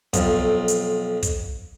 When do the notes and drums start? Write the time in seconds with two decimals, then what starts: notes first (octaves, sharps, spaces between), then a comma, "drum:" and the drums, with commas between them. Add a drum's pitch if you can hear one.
0.13 B1 F2, drum: kick, hi-hat
0.68 drum: hi-hat
1.23 drum: kick, hi-hat